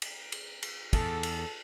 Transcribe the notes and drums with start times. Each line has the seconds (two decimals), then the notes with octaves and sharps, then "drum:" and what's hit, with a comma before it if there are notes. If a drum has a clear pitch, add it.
0.02 drum: cymbal
0.32 drum: cymbal
0.63 drum: cymbal
0.93 E2 A4, drum: kick, cymbal
1.23 drum: cymbal